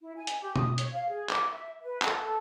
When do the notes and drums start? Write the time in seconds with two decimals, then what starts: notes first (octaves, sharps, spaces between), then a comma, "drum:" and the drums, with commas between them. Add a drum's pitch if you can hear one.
0.01 E4
0.17 G#5
0.27 drum: hi-hat
0.41 G4
0.56 D#6, drum: tom B2
0.78 C#5, drum: hi-hat
0.93 F5
1.09 G#4
1.30 D6, drum: clap
1.51 E5
1.83 B4
2.02 A4, drum: clap
2.22 A4